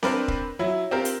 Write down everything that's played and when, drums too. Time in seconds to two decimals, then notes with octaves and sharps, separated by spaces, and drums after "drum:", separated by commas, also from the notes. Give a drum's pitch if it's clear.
0.03 C4 D4 A#4 B4 D5, drum: snare C4
0.28 drum: kick
0.59 F#3 E4
0.91 C4 F4 G4 A#4
1.05 drum: hi-hat